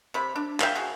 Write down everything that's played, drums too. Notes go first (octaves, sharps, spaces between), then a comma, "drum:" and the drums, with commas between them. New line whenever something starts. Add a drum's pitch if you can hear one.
C3 B5
D4
A#4 E5 F5 G5, drum: clap
F#4 G#4